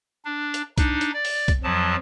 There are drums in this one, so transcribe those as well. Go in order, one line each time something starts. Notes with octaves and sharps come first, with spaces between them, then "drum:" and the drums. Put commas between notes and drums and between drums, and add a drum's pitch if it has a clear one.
D4
drum: hi-hat
D4 D#4, drum: kick, hi-hat
drum: hi-hat
D5
drum: open hi-hat
drum: kick, hi-hat
F2 F3 F#3 A5